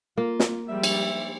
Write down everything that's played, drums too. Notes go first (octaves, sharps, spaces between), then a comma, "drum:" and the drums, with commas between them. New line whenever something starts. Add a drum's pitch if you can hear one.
A#3 F4
drum: snare
F3 G3 G#3 E5
drum: cymbal